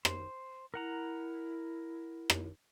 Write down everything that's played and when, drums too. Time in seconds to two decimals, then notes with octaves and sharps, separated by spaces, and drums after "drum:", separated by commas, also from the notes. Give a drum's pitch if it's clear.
0.05 C5, drum: rim click
0.74 E4 A#4 F#5 A#5
2.30 drum: rim click